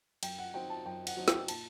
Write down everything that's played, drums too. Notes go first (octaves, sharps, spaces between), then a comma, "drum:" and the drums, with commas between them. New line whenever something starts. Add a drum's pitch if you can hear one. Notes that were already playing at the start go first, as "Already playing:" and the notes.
F#2 G5, drum: cymbal
F#5
F#3 C4 D#4 G5
A5
F#2 G5
F#5, drum: cymbal
F#3 C4 D#4
G5, drum: snare
A#2 A5, drum: cymbal